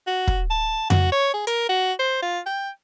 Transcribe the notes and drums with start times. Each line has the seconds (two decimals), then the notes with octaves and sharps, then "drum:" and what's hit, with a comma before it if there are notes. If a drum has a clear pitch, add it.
0.07 F#4
0.27 drum: kick
0.50 A5
0.90 F#4, drum: tom F2
1.12 C#5
1.34 G#4
1.47 A#4, drum: hi-hat
1.69 F#4
2.00 C5
2.23 F4
2.46 G5